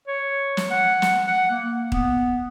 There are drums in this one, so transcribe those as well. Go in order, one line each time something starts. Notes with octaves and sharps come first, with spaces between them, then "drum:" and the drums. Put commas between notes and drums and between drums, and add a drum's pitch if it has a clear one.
C#5
drum: snare
F#5
drum: snare
F#5
A#3
B3, drum: kick D#1